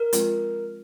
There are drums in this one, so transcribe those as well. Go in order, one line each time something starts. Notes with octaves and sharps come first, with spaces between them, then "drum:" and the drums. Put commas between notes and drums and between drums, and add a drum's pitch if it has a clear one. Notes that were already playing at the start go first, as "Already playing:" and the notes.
Already playing: A#4
F3 G#3 C4 F4, drum: hi-hat